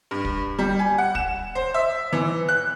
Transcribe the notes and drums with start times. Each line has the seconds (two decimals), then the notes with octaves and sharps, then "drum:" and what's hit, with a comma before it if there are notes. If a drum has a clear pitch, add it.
0.11 G2
0.25 drum: kick
0.59 G3
0.79 G#5
0.98 F#5
1.15 E7, drum: kick
1.55 C5
1.74 E5
2.13 E3
2.49 F#6